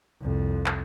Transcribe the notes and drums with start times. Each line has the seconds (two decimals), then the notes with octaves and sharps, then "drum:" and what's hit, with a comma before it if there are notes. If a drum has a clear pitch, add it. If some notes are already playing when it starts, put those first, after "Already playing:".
0.20 C2 F2
0.66 drum: clap